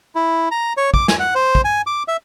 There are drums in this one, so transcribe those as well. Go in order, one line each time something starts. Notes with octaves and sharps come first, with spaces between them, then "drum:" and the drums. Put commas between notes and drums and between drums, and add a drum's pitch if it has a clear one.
E4
A#5
C#5
D6, drum: kick
G#5, drum: snare
F#5
C5
drum: kick
G#5
D6
E5